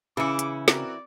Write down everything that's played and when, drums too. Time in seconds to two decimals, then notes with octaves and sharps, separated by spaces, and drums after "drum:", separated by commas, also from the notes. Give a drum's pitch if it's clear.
0.17 C#3 E3 E4 G#4 D6 C#7
0.39 drum: hi-hat
0.68 C4 F#4 A#4 D5, drum: snare